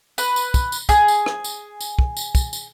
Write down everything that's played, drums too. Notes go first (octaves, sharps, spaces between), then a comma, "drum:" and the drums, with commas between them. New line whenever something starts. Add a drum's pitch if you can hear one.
B4, drum: tambourine
drum: tambourine
drum: kick, tambourine
drum: tambourine
G#4, drum: kick, tambourine
drum: tambourine
drum: rim click
drum: tambourine
drum: tambourine
drum: kick
drum: tambourine
drum: kick, tambourine
drum: tambourine